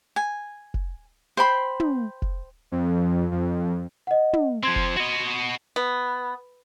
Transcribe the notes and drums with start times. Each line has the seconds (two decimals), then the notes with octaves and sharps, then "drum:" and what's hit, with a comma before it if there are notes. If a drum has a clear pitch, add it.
0.16 G#5
0.74 drum: kick F1
1.37 C5 G5 B5 C6
1.80 drum: tom
2.22 drum: kick F1
2.72 F2
3.31 F2
4.07 D#5 F#5
4.33 drum: tom
4.63 F3 C4 C6 G#6
4.76 drum: kick F1
4.97 F#4 D#5
5.76 B3